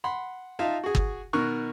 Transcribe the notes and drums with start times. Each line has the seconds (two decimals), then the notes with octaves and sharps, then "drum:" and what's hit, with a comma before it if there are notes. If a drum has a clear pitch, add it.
0.04 F#5 B5 C6
0.59 D#4 F4 E5 F5 A5
0.84 F#4 G#4
0.95 drum: kick G1
1.33 B2 D#3 A#4 C#6 F#6